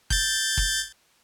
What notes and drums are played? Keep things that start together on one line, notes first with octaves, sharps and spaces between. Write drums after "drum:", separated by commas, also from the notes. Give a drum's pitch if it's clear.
G6 A6, drum: kick
drum: kick